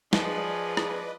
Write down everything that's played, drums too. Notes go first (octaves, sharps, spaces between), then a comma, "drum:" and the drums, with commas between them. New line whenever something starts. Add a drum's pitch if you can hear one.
F3 G#4 B4 D5 D#5, drum: snare
drum: rim click